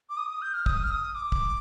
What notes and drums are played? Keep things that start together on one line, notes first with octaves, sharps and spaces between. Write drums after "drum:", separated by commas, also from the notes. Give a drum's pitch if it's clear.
D6
D#6
D#6
G6
F6
D#6, drum: kick
F6
D#6
D6
drum: kick